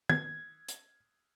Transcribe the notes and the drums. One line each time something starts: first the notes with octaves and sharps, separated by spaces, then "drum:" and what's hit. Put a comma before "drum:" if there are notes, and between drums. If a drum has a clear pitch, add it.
G#6, drum: tom
drum: hi-hat